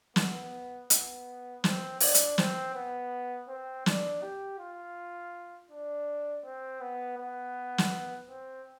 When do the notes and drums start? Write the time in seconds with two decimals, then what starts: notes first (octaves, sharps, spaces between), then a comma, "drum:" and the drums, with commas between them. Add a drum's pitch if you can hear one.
0.16 B3, drum: snare
0.90 B3, drum: hi-hat
1.64 C4, drum: snare
2.00 D4, drum: open hi-hat
2.14 drum: hi-hat
2.38 C4, drum: snare
2.75 B3
3.48 C4
3.86 D4, drum: snare
4.22 G4
4.59 F4
5.71 D4
6.45 C4
6.81 B3
7.18 B3
7.78 drum: snare
8.29 C4